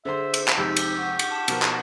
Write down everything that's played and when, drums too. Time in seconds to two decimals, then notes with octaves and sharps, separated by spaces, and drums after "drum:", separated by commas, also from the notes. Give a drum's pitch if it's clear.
0.05 D3 G#4 C5 E5 C6
0.34 drum: cymbal
0.48 drum: clap
0.57 F2 C3 G#3 D#4 G4 E6
0.76 drum: cymbal
0.96 F#5 C#6
1.19 drum: cymbal
1.30 A5
1.48 B2 F3 A#4, drum: cymbal
1.62 drum: clap